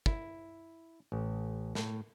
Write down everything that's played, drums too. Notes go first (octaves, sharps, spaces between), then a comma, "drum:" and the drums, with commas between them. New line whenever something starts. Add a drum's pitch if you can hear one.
E4, drum: kick
A1
A2, drum: snare